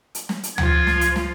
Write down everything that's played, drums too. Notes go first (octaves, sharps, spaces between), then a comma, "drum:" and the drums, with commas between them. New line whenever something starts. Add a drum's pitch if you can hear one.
drum: hi-hat
drum: snare
drum: hi-hat
F3 F4 G#6, drum: tom D2
drum: snare
drum: hi-hat
drum: snare